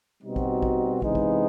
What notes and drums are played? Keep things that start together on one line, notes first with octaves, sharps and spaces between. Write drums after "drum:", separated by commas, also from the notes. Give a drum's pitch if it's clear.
B2 G3 C4 D#4 F#4
drum: kick
drum: kick
C3 E3 G#3 B3 D#4, drum: kick
drum: kick